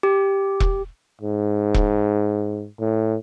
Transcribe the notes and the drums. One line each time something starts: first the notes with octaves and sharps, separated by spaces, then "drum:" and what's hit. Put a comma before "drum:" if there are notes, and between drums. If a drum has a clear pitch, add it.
G4
drum: kick E1
G#2
drum: kick E1
A2